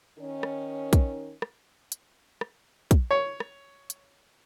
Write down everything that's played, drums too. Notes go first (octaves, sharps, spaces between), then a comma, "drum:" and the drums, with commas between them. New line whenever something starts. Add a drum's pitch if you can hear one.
D#3 C#4
drum: rim click
drum: kick, hi-hat
drum: rim click
drum: hi-hat
drum: rim click
drum: kick, hi-hat
C#5
drum: rim click
drum: hi-hat